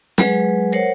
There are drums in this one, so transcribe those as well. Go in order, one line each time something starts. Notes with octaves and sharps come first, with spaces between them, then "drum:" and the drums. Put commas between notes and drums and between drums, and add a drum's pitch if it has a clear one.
F#3 G#3 G#4 B4, drum: snare
A#4 C5 C#5 F#5